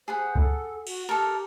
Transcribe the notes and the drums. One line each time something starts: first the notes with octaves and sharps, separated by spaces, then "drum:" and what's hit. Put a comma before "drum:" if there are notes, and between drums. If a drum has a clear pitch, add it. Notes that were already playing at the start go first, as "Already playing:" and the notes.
G#4 C5 F#5 B5
A4, drum: kick
F#4, drum: cymbal
G4 A4 A#4